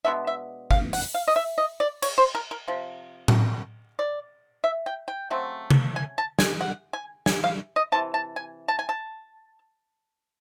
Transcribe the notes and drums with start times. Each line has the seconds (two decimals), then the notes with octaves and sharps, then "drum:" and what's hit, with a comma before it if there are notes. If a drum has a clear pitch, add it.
0.05 B2 G#3 B3 D4 E5
0.27 E5
0.71 F5, drum: kick
0.93 F#5, drum: open hi-hat
1.14 F5
1.28 D#5
1.36 E5
1.58 D#5
1.80 D5
2.02 C#5, drum: cymbal
2.18 C5
2.35 A#4
2.51 A#4
2.68 C3 F3
3.28 drum: tom A2
3.99 D5
4.64 E5
4.86 G5
5.08 G5
5.30 C#3 F#3 A3 C4
5.71 drum: tom C3
5.96 G#5
6.18 A5
6.39 G#5, drum: snare
6.61 F#5
6.93 G#5
7.26 G#5, drum: snare
7.44 F5
7.76 D#5
7.92 C3 E3 A5
8.14 A5
8.36 G#5
8.68 A5
8.79 G#5
8.89 A5